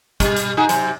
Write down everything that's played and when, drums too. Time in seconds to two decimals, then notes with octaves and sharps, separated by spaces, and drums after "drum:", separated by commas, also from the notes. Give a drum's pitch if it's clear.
0.20 G3, drum: kick, hi-hat
0.36 drum: hi-hat
0.57 D#4 F#4 G#4
0.69 C3 F#3, drum: hi-hat